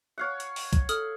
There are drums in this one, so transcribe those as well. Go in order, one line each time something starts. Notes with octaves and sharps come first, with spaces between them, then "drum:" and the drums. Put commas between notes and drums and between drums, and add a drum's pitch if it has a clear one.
C#5 F5 F#5
drum: hi-hat
drum: open hi-hat
drum: kick, hi-hat
A4 D#6 F6, drum: hi-hat